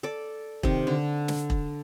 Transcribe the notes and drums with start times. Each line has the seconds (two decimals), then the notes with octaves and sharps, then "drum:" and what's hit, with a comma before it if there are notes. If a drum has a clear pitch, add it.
0.03 A4 D5
0.63 C3 D#3, drum: kick E1
0.87 D3
1.28 drum: snare
1.50 drum: kick E1